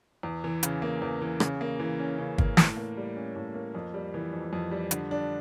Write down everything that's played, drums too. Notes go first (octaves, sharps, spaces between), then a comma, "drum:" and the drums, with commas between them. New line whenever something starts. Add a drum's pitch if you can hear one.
E2
E3
C#3, drum: hi-hat
A#3
E2
E3
C#3, drum: rim click
A#3
E3
C#4
C#3
A#3, drum: kick
A2, drum: snare
A#3
G3
C#4
A2
A#3
F2
G3
E3
F2
F2
G3
D3, drum: hi-hat
D4